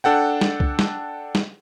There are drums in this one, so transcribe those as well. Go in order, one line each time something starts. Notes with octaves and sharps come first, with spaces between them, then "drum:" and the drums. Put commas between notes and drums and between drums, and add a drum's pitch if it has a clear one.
D4 A4 F#5 G5
drum: snare
drum: kick
drum: snare
drum: snare